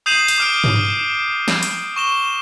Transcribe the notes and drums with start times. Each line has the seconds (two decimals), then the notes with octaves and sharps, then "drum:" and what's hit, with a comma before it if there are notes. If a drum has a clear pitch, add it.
0.06 D#6 G6 C7 D#7 E7 F#7
0.28 drum: hi-hat
0.38 D6 F6 D7
0.64 drum: tom G2
1.48 drum: snare
1.63 drum: hi-hat
1.96 C#6 E7 G7